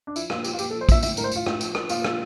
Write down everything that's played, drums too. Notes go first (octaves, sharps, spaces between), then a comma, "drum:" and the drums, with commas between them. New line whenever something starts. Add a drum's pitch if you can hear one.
D4
F3 E4, drum: tambourine
A#2 F4, drum: rim click
F3 G4, drum: tambourine
F4
A#2 G4, drum: tambourine
F3 A4
C5
A#2 E5, drum: kick A#1, tambourine
A2 E5, drum: tambourine
A2 A#4, drum: tambourine
C5
A2 F4, drum: tambourine
A2, drum: rim click
F3, drum: tambourine
F3, drum: rim click
A#2 F4, drum: tambourine
F3, drum: rim click